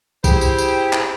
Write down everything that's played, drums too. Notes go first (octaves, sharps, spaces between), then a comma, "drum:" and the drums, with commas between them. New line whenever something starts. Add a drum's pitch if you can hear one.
E4 G4 G#4 C5, drum: kick, tambourine
drum: tambourine
drum: tambourine
drum: clap